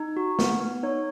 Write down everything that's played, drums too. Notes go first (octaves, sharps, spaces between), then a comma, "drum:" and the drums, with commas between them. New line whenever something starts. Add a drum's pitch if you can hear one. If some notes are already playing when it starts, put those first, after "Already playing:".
Already playing: D#4
F#4
B3, drum: snare
B3
D#4 C#5